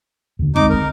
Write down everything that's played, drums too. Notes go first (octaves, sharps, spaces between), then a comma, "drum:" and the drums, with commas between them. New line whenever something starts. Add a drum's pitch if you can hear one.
D#2 D3
G#3 C4 D#4 D6, drum: kick
A#4